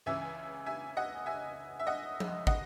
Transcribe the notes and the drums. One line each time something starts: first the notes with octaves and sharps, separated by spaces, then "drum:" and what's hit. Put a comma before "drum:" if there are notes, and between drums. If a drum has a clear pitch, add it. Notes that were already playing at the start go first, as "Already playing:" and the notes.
C#2 C#3 E3 E5 G#5
E5 G#5
D#5 F#5
E5 G#5
E5
D#5 F#5
drum: tom F3
D#5 F#5, drum: kick